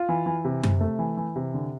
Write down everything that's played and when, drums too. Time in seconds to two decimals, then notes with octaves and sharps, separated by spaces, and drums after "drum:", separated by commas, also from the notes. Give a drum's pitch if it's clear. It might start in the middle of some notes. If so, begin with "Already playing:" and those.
Already playing: F4
0.09 E3
0.26 E3
0.45 C3
0.63 C3, drum: tom F#2
0.81 A3
0.99 E3
1.17 E3
1.36 C3
1.54 D3